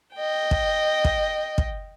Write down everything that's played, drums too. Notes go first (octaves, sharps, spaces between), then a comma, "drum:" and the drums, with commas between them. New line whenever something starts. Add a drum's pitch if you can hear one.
D#5 G5
drum: kick
drum: kick
drum: kick